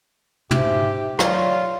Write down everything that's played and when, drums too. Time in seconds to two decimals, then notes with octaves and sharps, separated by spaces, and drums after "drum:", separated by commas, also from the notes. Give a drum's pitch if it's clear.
0.51 G#2 G4 E5, drum: tom
1.19 F#3 F4 D5, drum: rim click